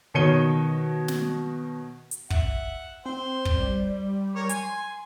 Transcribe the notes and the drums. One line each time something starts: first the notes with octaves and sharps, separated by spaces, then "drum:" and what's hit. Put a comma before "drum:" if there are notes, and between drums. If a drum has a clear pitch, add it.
B2 D#3 C#5 C#7 D#7 G7
drum: snare
drum: hi-hat
E5 F#5, drum: kick
C4 C5
drum: kick
G3
A#4 C#5
G#5 C6, drum: hi-hat